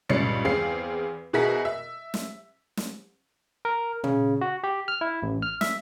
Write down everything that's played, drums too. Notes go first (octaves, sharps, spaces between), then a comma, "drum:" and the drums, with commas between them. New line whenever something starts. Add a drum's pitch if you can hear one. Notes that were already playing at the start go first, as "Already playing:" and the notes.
C#2 G2 C#4 A6 C7 C#7, drum: tom
E2 C4 G#4 F5 C7
B2 E4 F#4 G#4 A#4 B6
E5
drum: snare
drum: snare
A#4
C#3, drum: tom
F#4
G4
F6
E4
A1
F6
E5, drum: snare